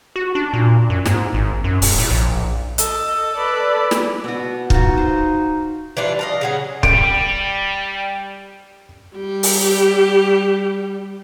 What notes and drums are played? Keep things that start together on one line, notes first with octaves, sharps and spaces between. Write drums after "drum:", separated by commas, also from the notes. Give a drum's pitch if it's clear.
F#4
D4
A#2
F#2
G#2, drum: snare
G#1
F#2
E1, drum: open hi-hat
A2
A#1
A4 D#5, drum: hi-hat
B4 D5
drum: snare
B2 F#4
D#4 F4 F#4, drum: kick
C5
E3 G3 D4 F4
D#5 F5 A5
C#3 F#3 G#4
G3 D7, drum: kick
G3 G4
drum: open hi-hat